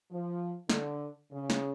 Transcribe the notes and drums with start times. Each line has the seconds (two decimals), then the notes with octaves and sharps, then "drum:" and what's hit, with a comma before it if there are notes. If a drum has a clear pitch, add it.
0.12 F3
0.69 D3, drum: snare
1.31 C#3
1.50 drum: snare